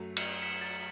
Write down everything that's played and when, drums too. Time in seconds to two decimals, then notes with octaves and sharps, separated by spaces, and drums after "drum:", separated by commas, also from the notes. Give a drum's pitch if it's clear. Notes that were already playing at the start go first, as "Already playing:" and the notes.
Already playing: F#2 F#3 A3
0.17 C#7 F#7, drum: cymbal
0.42 B6 E7
0.61 A6 C#7